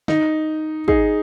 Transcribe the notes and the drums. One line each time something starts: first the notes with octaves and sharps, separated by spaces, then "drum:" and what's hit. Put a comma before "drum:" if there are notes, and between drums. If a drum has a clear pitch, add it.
D#4, drum: snare
D#4 G#4, drum: kick